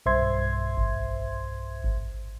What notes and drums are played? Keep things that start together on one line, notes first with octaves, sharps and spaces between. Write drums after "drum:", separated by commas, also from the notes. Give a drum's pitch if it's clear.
B1 G2 C5 E5 C6 G#6
drum: kick G#1
drum: kick G#1